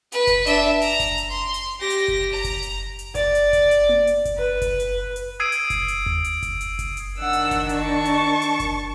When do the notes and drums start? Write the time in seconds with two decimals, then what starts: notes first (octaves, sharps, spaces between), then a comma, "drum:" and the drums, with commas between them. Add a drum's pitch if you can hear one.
0.12 B4, drum: hi-hat
0.27 drum: kick F#1, hi-hat
0.46 D4 E5, drum: hi-hat
0.82 A#5, drum: hi-hat
1.00 drum: kick F#1, hi-hat
1.18 drum: hi-hat
1.30 C6
1.54 drum: hi-hat
1.80 G4 A#6
1.90 drum: hi-hat
2.08 drum: kick F#1
2.32 A#5
2.44 drum: kick F#1, hi-hat
2.63 drum: hi-hat
2.99 drum: hi-hat
3.15 D5, drum: kick F#1, hi-hat
3.35 drum: hi-hat
3.53 drum: kick F#1, hi-hat
3.71 drum: hi-hat
3.89 drum: tom A#3
4.07 drum: hi-hat
4.25 drum: kick F#1, hi-hat
4.38 B4
4.62 drum: kick F#1, hi-hat
4.80 drum: hi-hat
5.16 drum: hi-hat
5.40 D#6 E6 G#6 C7 D7 D#7
5.52 drum: hi-hat
5.70 drum: kick F#1, hi-hat
5.88 drum: hi-hat
6.06 drum: tom D#2
6.24 drum: hi-hat
6.43 drum: kick F#1, hi-hat
6.61 drum: hi-hat
6.79 drum: kick F#1, hi-hat
6.97 drum: hi-hat
7.18 D#3 D4 F#5 E6
7.33 drum: hi-hat
7.51 drum: kick F#1, hi-hat
7.69 drum: hi-hat
7.80 A5 C#6
8.05 drum: hi-hat
8.42 drum: hi-hat
8.60 drum: kick F#1, hi-hat